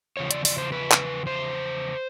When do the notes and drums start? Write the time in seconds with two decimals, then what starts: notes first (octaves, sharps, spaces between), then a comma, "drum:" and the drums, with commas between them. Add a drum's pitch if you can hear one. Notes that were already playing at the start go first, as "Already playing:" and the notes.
0.17 E2 C#3 F3 C#5
0.31 D5, drum: hi-hat
0.45 D5, drum: open hi-hat
0.58 C5
0.72 B4
0.92 drum: clap
1.27 C5